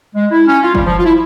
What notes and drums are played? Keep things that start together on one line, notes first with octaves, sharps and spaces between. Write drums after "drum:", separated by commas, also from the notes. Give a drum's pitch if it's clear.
G#3
E4
C#4
F4
G3, drum: kick
F3
F4
E4